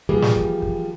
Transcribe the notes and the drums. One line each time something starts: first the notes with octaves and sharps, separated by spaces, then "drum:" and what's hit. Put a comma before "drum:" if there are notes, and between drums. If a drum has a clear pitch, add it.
E3 F3 G3 A#3 G4 G#4
drum: snare
drum: kick
drum: kick